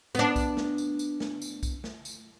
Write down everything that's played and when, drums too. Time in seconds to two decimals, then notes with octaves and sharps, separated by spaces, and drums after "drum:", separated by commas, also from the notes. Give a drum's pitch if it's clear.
0.15 B3 D4, drum: tambourine
0.36 drum: kick B1, tambourine
0.57 drum: snare
0.78 drum: tambourine
0.99 drum: tambourine
1.20 drum: snare
1.42 drum: tambourine
1.63 drum: kick B1, tambourine
1.84 drum: snare
2.05 drum: tambourine